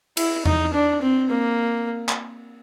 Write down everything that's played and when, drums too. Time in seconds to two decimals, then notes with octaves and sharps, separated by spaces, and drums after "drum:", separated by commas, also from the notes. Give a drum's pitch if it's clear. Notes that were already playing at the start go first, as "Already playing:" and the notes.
0.17 E4, drum: cymbal
0.46 D#4, drum: tom E2
0.74 D4
1.02 C4
1.29 A#3
2.09 drum: clap